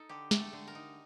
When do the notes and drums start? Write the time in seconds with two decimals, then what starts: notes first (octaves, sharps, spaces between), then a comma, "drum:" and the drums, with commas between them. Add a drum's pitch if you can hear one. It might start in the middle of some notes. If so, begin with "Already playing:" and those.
Already playing: D#4 A4
0.09 D3 G4
0.31 A3, drum: snare
0.39 A4
0.53 D3
0.68 A#4
0.75 D#4